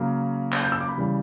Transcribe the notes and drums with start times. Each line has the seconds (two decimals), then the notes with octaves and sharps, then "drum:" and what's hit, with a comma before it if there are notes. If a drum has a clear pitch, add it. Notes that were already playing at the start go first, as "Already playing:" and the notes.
Already playing: C#3 F#3 A#3
0.53 drum: clap
0.63 G6
0.72 E6
0.80 D6
0.88 B5
0.97 C#3 E3 G3